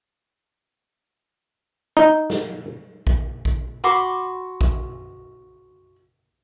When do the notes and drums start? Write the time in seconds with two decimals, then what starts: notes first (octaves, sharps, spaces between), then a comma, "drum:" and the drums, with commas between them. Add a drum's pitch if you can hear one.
1.97 D#4
2.30 drum: snare
3.07 drum: kick A#1
3.45 drum: kick A#1
3.84 F#4 B5 C6 D6
4.61 drum: kick A#1